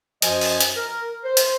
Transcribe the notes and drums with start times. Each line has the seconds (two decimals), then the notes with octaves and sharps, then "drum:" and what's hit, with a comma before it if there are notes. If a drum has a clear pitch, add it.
0.22 F#2 F3 F#4 C5 D#5 G#5, drum: hi-hat
0.41 drum: open hi-hat
0.60 drum: hi-hat
0.76 A#4
1.24 C5
1.37 drum: hi-hat